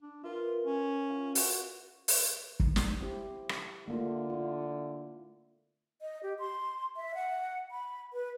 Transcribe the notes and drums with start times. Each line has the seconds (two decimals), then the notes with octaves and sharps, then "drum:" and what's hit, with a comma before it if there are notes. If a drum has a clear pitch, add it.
0.02 D4
0.24 F4 A#4 B4 E5
0.65 C#4
1.09 F4 F5 D#7
1.35 F#4, drum: open hi-hat
2.08 drum: open hi-hat
2.60 drum: kick
2.76 drum: snare
3.01 C4 E4 G4
3.49 drum: rim click
3.88 D3 A3 A#3 F4
4.30 E4 F4
6.02 D#5
6.23 G4
6.39 C6
6.97 E5
7.15 F#5
7.71 B5
8.13 B4